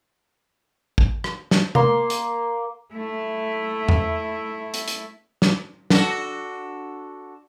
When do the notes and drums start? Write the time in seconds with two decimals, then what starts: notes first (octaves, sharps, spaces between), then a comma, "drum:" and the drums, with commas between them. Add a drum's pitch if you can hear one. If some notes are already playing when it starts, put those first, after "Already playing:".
0.98 drum: kick
1.24 drum: rim click
1.51 drum: snare
1.75 A#3 C6, drum: tom C3
2.10 drum: hi-hat
2.93 A3 E4
3.89 drum: tom E2
4.74 drum: hi-hat
4.88 drum: hi-hat
5.42 drum: snare
5.90 D4 F#4 A4, drum: snare